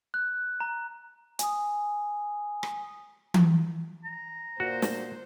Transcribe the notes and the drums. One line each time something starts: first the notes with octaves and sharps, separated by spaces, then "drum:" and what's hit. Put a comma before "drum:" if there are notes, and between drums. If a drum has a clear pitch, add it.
F#6
A#5
G#5 D#6, drum: hi-hat
drum: rim click
drum: tom E3
A#5
A#2 F#4 C5
drum: snare